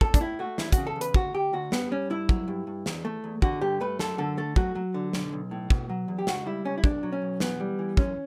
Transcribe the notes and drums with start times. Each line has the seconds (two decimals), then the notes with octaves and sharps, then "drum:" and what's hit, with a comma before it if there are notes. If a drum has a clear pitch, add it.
0.01 A2 A4, drum: kick
0.14 D4, drum: kick, hi-hat
0.20 A2 E4
0.39 A3 F#4
0.58 E2 E4, drum: snare
0.72 F#4, drum: kick, hi-hat
0.78 C#3
0.87 A4
0.96 E2
1.01 B4, drum: hi-hat
1.14 D2 F#4, drum: kick
1.34 D2 G4
1.53 D2 F#4
1.72 G2 B3, drum: snare
1.91 G3 C#4
2.10 G2 E4
2.29 F#3, drum: kick
2.48 G2
2.67 G2
2.86 E2, drum: snare
3.05 A3
3.24 E2
3.42 D3 F#4, drum: kick
3.61 G2 G4
3.81 A3 B4
3.99 F#2 A4, drum: snare
4.18 D3 A4
4.37 A3 A4
4.56 F#3 F#4, drum: kick
4.75 F#3
4.94 D3
5.13 B1, drum: snare
5.32 B1
5.51 A2
5.70 B2, drum: kick
5.90 F#3
6.08 E2
6.19 G4
6.27 C#2 F#4, drum: snare
6.46 G3 E4
6.65 C#2 C#4
6.78 E4
6.84 B1 D4, drum: kick
7.03 F#3
7.13 C#4
7.22 B1
7.40 E3 B3, drum: snare
7.60 G3
7.79 E3
7.97 F#2 C#4, drum: kick